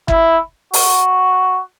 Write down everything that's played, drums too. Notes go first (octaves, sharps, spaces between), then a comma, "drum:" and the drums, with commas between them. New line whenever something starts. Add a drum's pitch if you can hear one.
E4, drum: kick
F#4, drum: open hi-hat